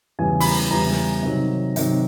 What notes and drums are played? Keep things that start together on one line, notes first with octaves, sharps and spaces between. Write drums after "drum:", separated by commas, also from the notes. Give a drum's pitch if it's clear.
E2 C#3 E3 G3 G#5
B5, drum: open hi-hat
A#5
E2 C#3 E3 G3 A#5
drum: snare
C3 D#3 F#3
C3 D#3 F#3, drum: hi-hat